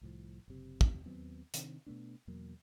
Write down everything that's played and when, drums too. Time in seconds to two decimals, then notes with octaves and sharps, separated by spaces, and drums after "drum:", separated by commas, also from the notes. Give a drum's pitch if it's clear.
0.01 C2 A2 F3
0.48 F#1 C3
0.81 drum: kick
1.06 D#2 F#3 B3 C4
1.54 C3 D#3 C4 D4, drum: hi-hat
1.86 B2 A3 B3 D4
2.27 E2 B2 F#3 A#3